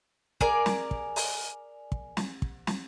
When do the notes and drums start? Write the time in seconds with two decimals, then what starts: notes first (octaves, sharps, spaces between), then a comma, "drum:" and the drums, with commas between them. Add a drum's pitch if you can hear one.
0.41 G#4 A#4 D5, drum: kick
0.66 drum: snare
0.91 drum: kick
1.16 drum: open hi-hat
1.92 drum: kick
2.17 drum: snare
2.42 drum: kick
2.67 drum: snare